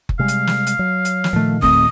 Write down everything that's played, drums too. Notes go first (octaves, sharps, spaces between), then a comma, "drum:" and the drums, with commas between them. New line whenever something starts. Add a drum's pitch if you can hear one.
drum: kick F#1
C3 G3 G#3 F5
drum: hi-hat
drum: snare
drum: hi-hat
F#3
drum: hi-hat
drum: snare
A#2 D#3 F3 A3
D#2 A3 C4 D#6, drum: kick F#1